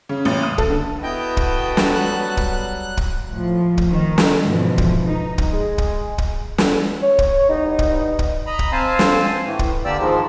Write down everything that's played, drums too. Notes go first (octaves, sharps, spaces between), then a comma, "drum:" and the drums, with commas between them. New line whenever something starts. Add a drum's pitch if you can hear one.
C#3
A1
D#6
A4, drum: kick
D3
B3 E4 F#4 A4 D#5 G5
drum: kick
drum: snare
F#3 G3 F#6
drum: kick
drum: kick
A2 F3
drum: kick
D#3
drum: snare
F2 G#2 B2 D3 E3 F3
drum: kick
D#4
drum: kick
G#3
drum: kick
drum: kick
E2, drum: snare
C#5
drum: kick
E3 G3 B3 D#4
drum: kick
drum: kick
D#5 A#5 B5
drum: kick
C4 C5 F5 G#5 A5
drum: snare
A2 E3
drum: kick
D3 A#3 G4 D5 E6
G#2 D#3 F3 G#3